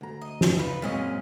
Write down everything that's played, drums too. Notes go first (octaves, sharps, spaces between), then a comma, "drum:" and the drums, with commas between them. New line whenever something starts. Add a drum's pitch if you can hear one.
D2 A#5
D#5
drum: snare
C#3 D#4 B4
F#2 A#2 G#3 C4 C#4 D#5